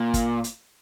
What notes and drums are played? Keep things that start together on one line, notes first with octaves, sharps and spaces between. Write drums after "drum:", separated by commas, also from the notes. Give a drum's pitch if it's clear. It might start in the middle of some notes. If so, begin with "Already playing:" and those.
Already playing: A#2
drum: kick, hi-hat
drum: hi-hat